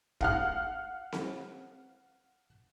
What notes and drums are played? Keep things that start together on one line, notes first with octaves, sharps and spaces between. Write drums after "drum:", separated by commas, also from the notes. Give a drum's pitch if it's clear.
F5 F#5 F6, drum: kick
drum: snare C4